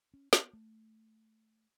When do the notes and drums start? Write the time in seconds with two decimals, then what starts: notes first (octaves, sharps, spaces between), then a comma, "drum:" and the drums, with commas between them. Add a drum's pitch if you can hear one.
0.14 C#4
0.33 B3, drum: snare
0.53 A3